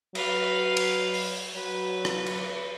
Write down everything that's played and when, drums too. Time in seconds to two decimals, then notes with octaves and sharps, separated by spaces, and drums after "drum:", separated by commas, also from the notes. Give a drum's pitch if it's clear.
0.15 F#3 B4 F5, drum: cymbal
0.77 drum: cymbal
1.14 drum: open hi-hat
1.55 F#3 B4
2.05 drum: rim click
2.26 drum: cymbal